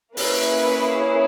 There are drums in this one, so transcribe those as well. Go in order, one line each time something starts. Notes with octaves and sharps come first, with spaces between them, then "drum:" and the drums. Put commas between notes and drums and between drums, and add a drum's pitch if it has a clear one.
A#3 C#4 E4 G#4 B4, drum: open hi-hat